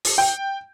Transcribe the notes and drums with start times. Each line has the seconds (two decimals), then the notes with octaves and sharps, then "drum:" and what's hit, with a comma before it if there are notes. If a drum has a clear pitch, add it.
0.05 drum: open hi-hat
0.18 G5